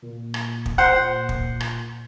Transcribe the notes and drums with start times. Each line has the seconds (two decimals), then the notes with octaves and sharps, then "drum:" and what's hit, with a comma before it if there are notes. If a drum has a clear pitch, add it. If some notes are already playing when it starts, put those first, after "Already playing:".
0.02 A#2
0.34 drum: rim click
0.66 drum: kick
0.78 C5 F#5
1.29 drum: kick
1.60 drum: rim click